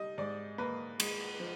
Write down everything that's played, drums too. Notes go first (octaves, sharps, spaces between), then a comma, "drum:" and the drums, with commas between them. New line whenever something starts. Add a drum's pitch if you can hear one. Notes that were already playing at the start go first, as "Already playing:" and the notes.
Already playing: G3 D#5
G#2 D5
A#3 B4
G#3, drum: cymbal
F3